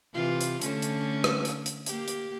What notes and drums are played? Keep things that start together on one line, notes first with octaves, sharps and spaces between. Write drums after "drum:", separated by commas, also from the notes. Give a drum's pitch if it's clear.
C3 E3 F4
drum: hi-hat
D3 A3 C#4, drum: hi-hat
drum: hi-hat
drum: rim click
drum: hi-hat
drum: hi-hat
A#3 G4, drum: hi-hat
drum: hi-hat